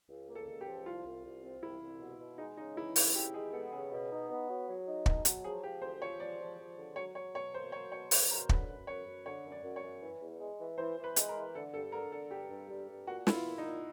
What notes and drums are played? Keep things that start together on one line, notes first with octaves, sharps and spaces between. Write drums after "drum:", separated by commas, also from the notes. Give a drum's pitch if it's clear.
C#2
A#3
A4
C#2
G4
F3
C2 F4
C2
C2
C4
C2 E4
C2
B2
B2
G#3 D#4
C#3 D#4
E3 E4
C#3, drum: open hi-hat
E3 G4
G#3 G#4
B3 A4
C#3 G#4
B2
D#4
B3
F#3
F#3
D#4
B2, drum: kick
F#3, drum: hi-hat
F3 G#4
F3 G4
D2 C5
F3 C#5
F3 D5
F3
F3
D3
F#3 C#5
F#3 C#5
B2 C#5
A#3 C5
F#3 C#5
B2 C#5
B2 C5, drum: open hi-hat
F#3 A#4
D3 B4, drum: kick
F#2
F#2 C#5
F#2
D3 C#5
F#2
D5
F#2
C#5
F#2
E3
E2
G#3
E3
E3 C5
E3
B4
G#3, drum: hi-hat
A#4
E3
D3 A4
G2 A4
D3 A#4
D3 A4
G2 G4
G2
G2
G2
A#2 F#4
B3 E4, drum: snare
F4
A#2
D#4
A#2